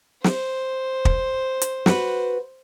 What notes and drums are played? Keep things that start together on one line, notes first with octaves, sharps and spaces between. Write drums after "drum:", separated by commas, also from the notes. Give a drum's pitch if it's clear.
C5, drum: snare
drum: kick
drum: hi-hat
F#4 B4, drum: snare